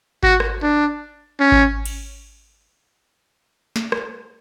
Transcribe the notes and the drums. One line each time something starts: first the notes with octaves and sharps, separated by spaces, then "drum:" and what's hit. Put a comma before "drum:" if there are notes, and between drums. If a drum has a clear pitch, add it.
F#4, drum: kick G#1
drum: rim click
D4
C#4
drum: kick G#1
drum: cymbal
drum: snare
drum: rim click